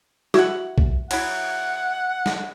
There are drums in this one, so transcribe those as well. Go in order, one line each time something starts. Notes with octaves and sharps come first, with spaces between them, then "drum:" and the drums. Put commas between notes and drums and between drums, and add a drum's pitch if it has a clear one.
E4 F#4 F#5, drum: snare
drum: kick B1
F#3 E4 F#5, drum: cymbal
drum: snare